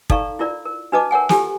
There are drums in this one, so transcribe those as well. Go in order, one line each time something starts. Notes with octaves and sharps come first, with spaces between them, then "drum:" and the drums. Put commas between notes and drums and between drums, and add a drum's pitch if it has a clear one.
D#4 A4 D5 F5 A#5 C#6, drum: kick
E4 F4 A#4 D5
A#4
D4 F#4 B4 D#5 A5 D6
A#4 C#5 F#5 G#5
F4 G4 A4 G#5, drum: snare